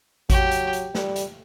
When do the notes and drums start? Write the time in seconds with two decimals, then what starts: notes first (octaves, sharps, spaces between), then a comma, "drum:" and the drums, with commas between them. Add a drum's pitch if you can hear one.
0.30 F#3 G4, drum: kick A1, hi-hat
0.51 drum: hi-hat
0.73 drum: hi-hat
0.95 G3, drum: snare
1.16 drum: hi-hat